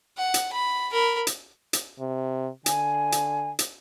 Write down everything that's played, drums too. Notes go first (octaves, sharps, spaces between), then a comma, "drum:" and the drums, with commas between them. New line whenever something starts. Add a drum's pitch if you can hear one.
F#5
drum: hi-hat
B5
A#4 B5
drum: hi-hat
drum: hi-hat
C3
D3 G#5, drum: hi-hat
drum: hi-hat
drum: hi-hat